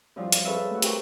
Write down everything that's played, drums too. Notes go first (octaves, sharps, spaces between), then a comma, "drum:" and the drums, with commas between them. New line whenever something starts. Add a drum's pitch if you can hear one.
F#2 F3 G3 F4
drum: hi-hat
G#4 A4 B4 C#5 E5 F5
A3 F#4
G4 A#4 C5 G5 C#6, drum: hi-hat